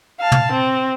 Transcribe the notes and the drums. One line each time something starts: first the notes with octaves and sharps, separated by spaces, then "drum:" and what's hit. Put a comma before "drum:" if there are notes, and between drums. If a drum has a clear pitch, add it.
F5 A5
drum: tom
C4